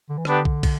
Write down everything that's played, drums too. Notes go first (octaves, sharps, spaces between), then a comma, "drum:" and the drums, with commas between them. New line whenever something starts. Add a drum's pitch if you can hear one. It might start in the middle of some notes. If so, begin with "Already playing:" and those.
D3
E3
D3 B3 D4 G4 B4, drum: rim click
drum: kick
drum: kick, cymbal